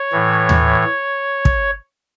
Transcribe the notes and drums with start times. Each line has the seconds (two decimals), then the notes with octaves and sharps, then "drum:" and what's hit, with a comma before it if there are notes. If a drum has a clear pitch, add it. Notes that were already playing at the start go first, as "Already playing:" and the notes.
Already playing: C#5
0.12 A2 E3
0.49 drum: tom D#2
1.45 drum: kick